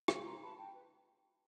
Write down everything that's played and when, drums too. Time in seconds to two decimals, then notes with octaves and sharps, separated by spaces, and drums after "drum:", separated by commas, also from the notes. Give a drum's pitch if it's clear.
0.08 drum: rim click
0.25 F#4 A#5 C6
0.42 B4 A5 B5
0.58 F#4 G5 A5
0.74 B4